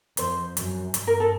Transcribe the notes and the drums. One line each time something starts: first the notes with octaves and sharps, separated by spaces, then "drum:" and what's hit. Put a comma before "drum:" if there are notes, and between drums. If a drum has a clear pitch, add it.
F2 C5, drum: hi-hat
F#2, drum: hi-hat
G2, drum: hi-hat
A#4
A4